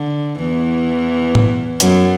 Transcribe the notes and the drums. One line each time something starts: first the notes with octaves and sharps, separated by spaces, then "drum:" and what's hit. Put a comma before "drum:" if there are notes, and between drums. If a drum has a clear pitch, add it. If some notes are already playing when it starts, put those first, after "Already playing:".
Already playing: D3
E2 E3
drum: tom A2
F#2 F#3, drum: hi-hat